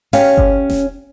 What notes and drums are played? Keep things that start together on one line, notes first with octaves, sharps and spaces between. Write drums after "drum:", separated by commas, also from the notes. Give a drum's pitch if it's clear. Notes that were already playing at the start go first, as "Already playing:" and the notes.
C#4 G4 C#5 F5, drum: open hi-hat
drum: kick G1
drum: snare E1